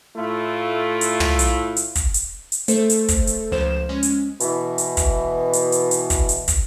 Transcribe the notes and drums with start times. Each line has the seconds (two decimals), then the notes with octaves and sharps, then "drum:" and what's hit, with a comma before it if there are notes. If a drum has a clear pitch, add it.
0.16 A2 A3 E4 F4
1.01 drum: hi-hat
1.20 drum: tom
1.39 drum: hi-hat
1.77 drum: hi-hat
1.96 drum: kick, hi-hat
2.14 drum: hi-hat
2.52 drum: hi-hat
2.68 A3 A4 C5, drum: hi-hat
2.90 drum: hi-hat
3.09 drum: kick, hi-hat
3.27 drum: hi-hat
3.52 C#2 F3 C5 E7
3.89 G#3 C#4
4.03 drum: hi-hat
4.40 B2 E3, drum: hi-hat
4.78 drum: hi-hat
4.97 drum: kick, hi-hat
5.54 drum: hi-hat
5.72 drum: hi-hat
5.91 drum: hi-hat
6.10 drum: kick, hi-hat
6.29 drum: hi-hat
6.48 drum: kick, hi-hat